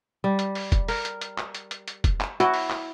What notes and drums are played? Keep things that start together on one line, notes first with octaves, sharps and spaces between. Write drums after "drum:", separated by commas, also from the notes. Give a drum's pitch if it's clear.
G3
drum: hi-hat
drum: open hi-hat
drum: kick, hi-hat
A#4, drum: open hi-hat
drum: hi-hat
drum: hi-hat
drum: clap
drum: hi-hat
drum: hi-hat
drum: hi-hat
drum: kick, hi-hat
drum: clap
E4 F#4, drum: hi-hat
drum: open hi-hat
drum: clap